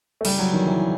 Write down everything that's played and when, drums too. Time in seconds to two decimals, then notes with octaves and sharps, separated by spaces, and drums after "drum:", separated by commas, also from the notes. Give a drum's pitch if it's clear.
0.21 A3
0.25 F#1 G3, drum: cymbal
0.39 F#3
0.53 E2 D#3 F#3
0.67 E3